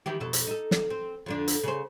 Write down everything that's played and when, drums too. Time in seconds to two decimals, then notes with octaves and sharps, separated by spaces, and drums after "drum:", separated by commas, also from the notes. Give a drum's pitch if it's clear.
0.06 D#3 E3 G4
0.20 F2 B2 A4
0.33 drum: hi-hat
0.47 D#4 A4
0.71 drum: snare
0.90 C4
1.26 F2 D3 D4
1.48 drum: hi-hat
1.64 C#3 C5